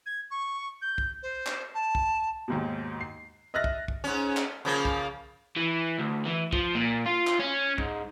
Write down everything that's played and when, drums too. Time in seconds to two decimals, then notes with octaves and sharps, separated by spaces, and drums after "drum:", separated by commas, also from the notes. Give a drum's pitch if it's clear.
0.06 G#6
0.30 C#6
0.81 G6
0.98 drum: kick
1.22 C5
1.46 drum: clap
1.74 A5
1.95 drum: kick
2.48 D#2 G#2 B2
3.01 C7
3.54 D#5 E5 F6 F#6 A6 A#6
3.64 drum: kick
3.88 drum: kick
4.04 G#2 C#4
4.37 drum: clap
4.65 C#3 F3 A#3
4.85 drum: kick
5.57 E3
5.99 D2
6.25 E3
6.53 F3, drum: kick
6.75 A#2
7.06 F4
7.27 drum: clap
7.40 C#4
7.78 G#2, drum: kick